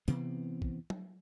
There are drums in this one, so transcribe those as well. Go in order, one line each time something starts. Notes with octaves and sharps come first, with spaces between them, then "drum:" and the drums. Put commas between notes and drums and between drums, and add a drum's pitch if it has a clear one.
C3 E3 B3 C4, drum: hi-hat
drum: kick
drum: tom F#3